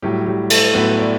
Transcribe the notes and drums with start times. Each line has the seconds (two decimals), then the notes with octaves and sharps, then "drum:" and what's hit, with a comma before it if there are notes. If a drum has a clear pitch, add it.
0.02 A2 F#3 G3 G4
0.26 G3 G4
0.50 A3 A4, drum: cymbal
0.74 A2 F#3 B3 B4
0.99 D5